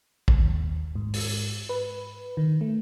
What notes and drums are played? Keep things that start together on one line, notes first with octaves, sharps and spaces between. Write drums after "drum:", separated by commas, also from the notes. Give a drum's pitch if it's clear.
drum: kick
D#2
G#2
drum: open hi-hat
B4
D#3
A3